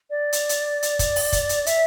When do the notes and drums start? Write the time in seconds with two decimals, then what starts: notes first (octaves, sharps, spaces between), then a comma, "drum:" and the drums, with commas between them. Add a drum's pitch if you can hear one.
0.10 D5
0.33 drum: hi-hat
0.49 drum: hi-hat
0.83 drum: hi-hat
0.99 drum: kick, hi-hat
1.16 drum: open hi-hat
1.33 drum: kick, hi-hat
1.49 drum: hi-hat
1.66 E5, drum: hi-hat